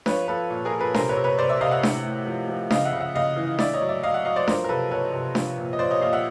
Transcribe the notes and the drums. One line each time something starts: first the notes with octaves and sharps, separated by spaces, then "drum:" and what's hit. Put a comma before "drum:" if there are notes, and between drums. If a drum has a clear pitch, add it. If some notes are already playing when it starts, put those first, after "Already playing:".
F3 B4 C#5, drum: snare D4
F3 A4 B4
A#2
G#4 A#4
A#2
A4 B4
C3 A#4 C5, drum: snare D4
B4 C#5
C3
B4 C#5
C3 C5 D5
D5 E5
C3 D#5 F5
E5 F#5
A2, drum: snare D4
A2
F3
F3
C#3 D#5 F5, drum: snare D4
E5 F#5
C#3
E5 F#5
C#3 D#5 F5
E3
A2 D5 E5, drum: snare D4
C#5 D#5
F#3
D5 E5
F#3 D#5 F5
E5 F#5
F#3 D#5 F5
C5 D5
F3 A#4 C5, drum: snare D4
A#4
C3 A4 B4
C3 B4 C#5
C3
F3, drum: snare D4
A#2
D#5
F3 C5 D5
C#5 D#5
A#2 D#5 F5
E5 F#5